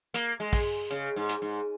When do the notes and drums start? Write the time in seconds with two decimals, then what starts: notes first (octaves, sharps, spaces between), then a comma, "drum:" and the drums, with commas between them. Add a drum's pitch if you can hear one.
0.14 A#3, drum: hi-hat
0.40 G#3
0.53 drum: kick, open hi-hat
0.91 C#3, drum: hi-hat
1.16 G#2
1.29 drum: hi-hat
1.42 G#2